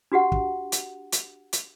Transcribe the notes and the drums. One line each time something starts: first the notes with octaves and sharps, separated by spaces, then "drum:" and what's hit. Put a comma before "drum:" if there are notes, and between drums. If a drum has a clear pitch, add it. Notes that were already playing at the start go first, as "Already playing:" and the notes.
D4 F#4 G4 F#5
drum: kick
drum: hi-hat
drum: hi-hat
drum: hi-hat